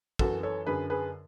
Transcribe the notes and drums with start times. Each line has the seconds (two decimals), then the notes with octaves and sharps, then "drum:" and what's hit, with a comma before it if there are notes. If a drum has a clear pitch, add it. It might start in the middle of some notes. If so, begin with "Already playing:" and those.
0.19 F#2 E3 F#4 A4, drum: kick
0.43 A4 C#5
0.66 F#2 D3 G#4 B4
0.90 G#4 B4